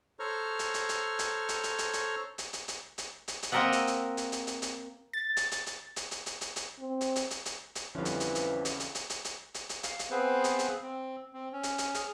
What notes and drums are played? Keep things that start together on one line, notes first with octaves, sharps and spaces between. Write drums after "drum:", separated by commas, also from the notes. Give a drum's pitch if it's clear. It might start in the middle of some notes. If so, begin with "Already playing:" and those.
A4 C5 C#5 A#5 C#6 F6
drum: hi-hat
drum: hi-hat
drum: hi-hat
drum: hi-hat
drum: hi-hat
drum: hi-hat
drum: hi-hat
drum: hi-hat
drum: hi-hat
drum: hi-hat
drum: hi-hat
drum: hi-hat
drum: hi-hat
drum: hi-hat
A#3 C4 A#4 D#5 E5 F#5
drum: hi-hat
drum: hi-hat
drum: hi-hat
drum: hi-hat
drum: hi-hat
drum: hi-hat
A6
drum: hi-hat
drum: hi-hat
drum: hi-hat
drum: hi-hat
drum: hi-hat
drum: hi-hat
drum: hi-hat
drum: hi-hat
C4
drum: hi-hat
drum: hi-hat
drum: hi-hat
drum: hi-hat
drum: hi-hat
F2 D3 E3 F3 G3 C#4 F5
drum: hi-hat
drum: hi-hat
drum: hi-hat
drum: hi-hat
drum: hi-hat
drum: hi-hat
drum: hi-hat
drum: hi-hat
drum: hi-hat
drum: hi-hat
F5, drum: hi-hat
drum: hi-hat
B3 C4 G#4 B4 C5 F5
drum: hi-hat
drum: hi-hat
C4
C4
C#4
drum: hi-hat
drum: hi-hat
G#4 F6, drum: hi-hat